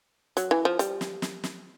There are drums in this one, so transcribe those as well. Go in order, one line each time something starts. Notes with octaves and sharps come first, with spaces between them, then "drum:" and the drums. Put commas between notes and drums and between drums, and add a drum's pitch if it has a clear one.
F#3, drum: hi-hat
E3
F3
G3, drum: hi-hat
drum: snare
drum: snare
drum: snare